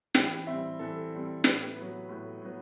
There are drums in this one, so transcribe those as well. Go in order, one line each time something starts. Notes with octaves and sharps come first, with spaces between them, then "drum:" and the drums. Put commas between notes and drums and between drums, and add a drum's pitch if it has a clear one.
E3 G5, drum: snare
G3 C4 E5
E3 A4
G3 C4
A2 B4, drum: snare
F#3 B3
A2
F#3 B3